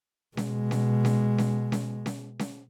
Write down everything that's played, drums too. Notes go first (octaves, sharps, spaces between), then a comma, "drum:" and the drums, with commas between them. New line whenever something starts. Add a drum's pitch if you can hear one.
B2 G#3, drum: snare C#4
drum: snare C#4
drum: snare C#4
drum: snare C#4
drum: snare C#4
drum: snare C#4
drum: snare C#4